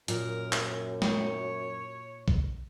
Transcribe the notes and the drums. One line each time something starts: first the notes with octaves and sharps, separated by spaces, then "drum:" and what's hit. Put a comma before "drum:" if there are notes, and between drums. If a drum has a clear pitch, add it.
F#2 A#2 A#4, drum: hi-hat
drum: clap
D#4 C#5, drum: snare
drum: kick A#1